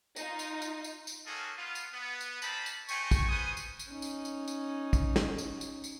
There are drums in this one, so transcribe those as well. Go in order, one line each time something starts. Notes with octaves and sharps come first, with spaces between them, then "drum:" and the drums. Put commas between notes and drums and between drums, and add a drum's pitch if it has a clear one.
D#4 F4, drum: tambourine
drum: tambourine
drum: tambourine
drum: tambourine
drum: tambourine
A#3 C#4 F4 F#4 G#4 A4
B3 F4
drum: tambourine
B3
drum: tambourine
A#3 C4 D#4 A5 B5, drum: tambourine
drum: tambourine
G#3 A3 C5 G5 G#5 C#6, drum: tambourine
drum: kick, tambourine
G3 B3 B4 C5 G#5 D#6
drum: tambourine
drum: tambourine
C#4 D#4
drum: tambourine
drum: tambourine
drum: tambourine
drum: kick, tambourine
drum: snare
drum: tambourine
drum: tambourine
drum: tambourine